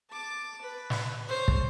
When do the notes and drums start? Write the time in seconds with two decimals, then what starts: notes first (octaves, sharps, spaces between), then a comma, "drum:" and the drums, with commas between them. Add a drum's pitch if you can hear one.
0.11 A5 D6
0.61 B4
0.90 drum: snare
1.28 C5 C#5
1.48 drum: kick